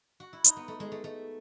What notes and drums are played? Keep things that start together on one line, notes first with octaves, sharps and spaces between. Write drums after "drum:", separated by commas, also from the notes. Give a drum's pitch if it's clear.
F#4
E4
D#4, drum: hi-hat
B3
A3
G#3
A3
A3